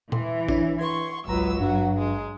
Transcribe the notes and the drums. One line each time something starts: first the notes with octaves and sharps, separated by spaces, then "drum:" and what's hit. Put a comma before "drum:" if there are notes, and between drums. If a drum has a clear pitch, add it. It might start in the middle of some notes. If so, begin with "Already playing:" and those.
E3 C6, drum: tom A#2
D4 E4 C#5, drum: kick
B4 C6 C#6 G#6
G#1 C#2 F#3 B4 A#5 E6
G2 F#4
G#3